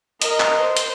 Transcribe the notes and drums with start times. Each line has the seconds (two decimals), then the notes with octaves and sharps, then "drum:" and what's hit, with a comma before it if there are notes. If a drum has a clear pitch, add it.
0.22 A#4 D#5, drum: hi-hat
0.40 drum: clap
0.62 C5
0.77 drum: hi-hat